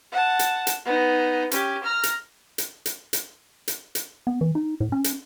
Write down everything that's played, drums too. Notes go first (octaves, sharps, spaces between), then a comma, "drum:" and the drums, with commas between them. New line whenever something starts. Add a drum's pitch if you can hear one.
F#5 A5
drum: hi-hat
drum: hi-hat
B3 D#4
C#4 G4, drum: hi-hat
A#5 F6
drum: hi-hat
drum: hi-hat
drum: hi-hat
drum: hi-hat
drum: hi-hat
drum: hi-hat
B3
E3
D#4
A2
C#4
drum: hi-hat